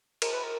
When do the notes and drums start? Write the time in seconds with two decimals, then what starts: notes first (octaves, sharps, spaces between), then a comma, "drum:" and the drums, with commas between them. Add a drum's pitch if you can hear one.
0.22 A#4, drum: cymbal
0.33 B4
0.44 A#4